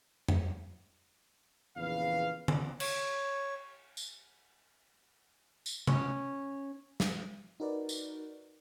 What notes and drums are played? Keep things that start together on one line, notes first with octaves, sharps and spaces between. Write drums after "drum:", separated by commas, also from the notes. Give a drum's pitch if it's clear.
drum: tom F2
A#1 E2 C#3 B4 F5
drum: tom D3
C#5, drum: cymbal
drum: tambourine
drum: tambourine
C#4 C#5, drum: tom C3
drum: snare
D#4 F#4 A#4 B4 D5
drum: tambourine